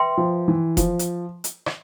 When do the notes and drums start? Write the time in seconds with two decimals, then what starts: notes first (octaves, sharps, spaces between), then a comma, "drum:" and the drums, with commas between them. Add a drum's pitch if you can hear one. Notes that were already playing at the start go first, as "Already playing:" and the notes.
Already playing: B4 E5 G5 C6
0.18 F3
0.48 E3
0.77 F3, drum: kick F1, hi-hat
0.99 drum: hi-hat
1.44 drum: hi-hat
1.66 drum: rim click